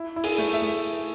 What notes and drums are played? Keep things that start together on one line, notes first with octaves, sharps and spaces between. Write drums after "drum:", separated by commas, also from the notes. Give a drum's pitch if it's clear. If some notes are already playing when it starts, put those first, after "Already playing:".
Already playing: E4
E4
G#4, drum: open hi-hat
A3
E5
A3